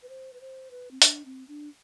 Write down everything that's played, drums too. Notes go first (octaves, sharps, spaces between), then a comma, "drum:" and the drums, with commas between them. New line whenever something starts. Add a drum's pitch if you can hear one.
B4
C5
B4
C5
B4
C4
D4, drum: hi-hat
C4
D4